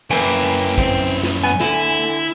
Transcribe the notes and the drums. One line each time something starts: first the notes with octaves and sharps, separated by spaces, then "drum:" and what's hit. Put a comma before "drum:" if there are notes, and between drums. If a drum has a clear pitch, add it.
F#2 A#3 E4 B4 G5 G#5
C4, drum: kick A1
drum: snare
B3 G#5
D3 E4, drum: snare